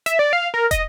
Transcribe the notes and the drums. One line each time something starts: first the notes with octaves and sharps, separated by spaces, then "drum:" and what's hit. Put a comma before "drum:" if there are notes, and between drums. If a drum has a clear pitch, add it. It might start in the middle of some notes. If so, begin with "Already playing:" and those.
E5, drum: hi-hat
D5
F5
A#4
D#5, drum: kick, hi-hat